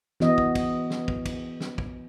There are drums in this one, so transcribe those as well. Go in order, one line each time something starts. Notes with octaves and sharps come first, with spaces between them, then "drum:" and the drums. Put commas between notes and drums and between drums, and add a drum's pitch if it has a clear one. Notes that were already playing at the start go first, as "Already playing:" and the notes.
E3 B3 F#4 D#5, drum: snare
drum: kick
drum: kick, cymbal
drum: snare
drum: kick
drum: kick, cymbal
drum: snare
drum: kick